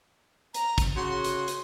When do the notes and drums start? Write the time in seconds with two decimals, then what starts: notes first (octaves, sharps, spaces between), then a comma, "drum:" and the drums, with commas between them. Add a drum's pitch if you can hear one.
0.54 A#5, drum: hi-hat
0.78 drum: kick, hi-hat
0.96 C#3 F#4 C6
1.24 drum: hi-hat
1.48 drum: hi-hat